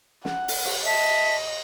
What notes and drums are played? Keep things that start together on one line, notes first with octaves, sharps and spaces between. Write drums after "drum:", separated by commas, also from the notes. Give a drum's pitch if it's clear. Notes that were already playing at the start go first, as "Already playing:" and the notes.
F#5, drum: snare
drum: open hi-hat
drum: cymbal
D#5 E5 A5